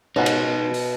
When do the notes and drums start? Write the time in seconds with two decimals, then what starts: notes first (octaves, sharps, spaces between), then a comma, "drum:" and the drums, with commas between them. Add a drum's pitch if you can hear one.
0.16 C#2 G#2 B2 D#4 F#4
0.26 drum: cymbal
0.74 drum: open hi-hat